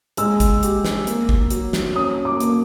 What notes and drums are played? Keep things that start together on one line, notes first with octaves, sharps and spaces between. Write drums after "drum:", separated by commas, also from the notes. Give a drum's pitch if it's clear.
G#3 E6, drum: hi-hat
drum: kick, hi-hat
G4, drum: hi-hat
drum: snare
A#3, drum: hi-hat
drum: kick
F#3, drum: hi-hat
drum: snare
C#4 D#6
D6
A#3, drum: hi-hat